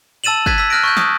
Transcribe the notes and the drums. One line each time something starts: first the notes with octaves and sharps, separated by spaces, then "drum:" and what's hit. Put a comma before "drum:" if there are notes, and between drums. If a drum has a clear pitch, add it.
A5 E6 A6 D#7 E7 F#7
F#6 G#6 A6 B6 D#7, drum: kick
E6 B6
F6 F#6 A#6 D7
C#6 F#6 G6
D#6, drum: snare